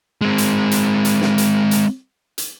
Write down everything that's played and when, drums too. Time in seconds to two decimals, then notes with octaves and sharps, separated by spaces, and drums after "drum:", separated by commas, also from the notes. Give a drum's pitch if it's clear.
0.21 G#3 C4
0.38 drum: hi-hat
0.71 drum: hi-hat
1.05 drum: hi-hat
1.21 drum: snare
1.38 drum: hi-hat
1.71 drum: hi-hat
2.38 drum: hi-hat